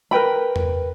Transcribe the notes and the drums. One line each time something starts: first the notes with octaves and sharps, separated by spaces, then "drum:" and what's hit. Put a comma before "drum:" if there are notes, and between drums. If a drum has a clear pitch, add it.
A#4 B4 G5 B5
drum: tom E2